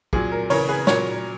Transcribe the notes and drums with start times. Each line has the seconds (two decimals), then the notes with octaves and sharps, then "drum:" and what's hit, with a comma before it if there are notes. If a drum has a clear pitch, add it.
0.13 A#2 F#3 G#4, drum: kick
0.32 A#4
0.50 C#3 E3 A#4 C#5, drum: open hi-hat
0.68 G#4 B4
0.87 A#2 F#3 A#4 C#5, drum: snare